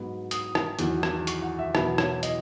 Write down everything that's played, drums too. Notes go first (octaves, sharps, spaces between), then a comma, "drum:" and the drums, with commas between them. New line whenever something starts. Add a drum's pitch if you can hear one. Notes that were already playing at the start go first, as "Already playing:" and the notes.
Already playing: G#2 F#3 B3
D#6, drum: hi-hat
drum: rim click
E2 D#3 F#3, drum: hi-hat
drum: rim click
C#6, drum: hi-hat
F#5
E5
E2 B2 F#3 B3 E5, drum: rim click
C#5, drum: rim click
D#5, drum: hi-hat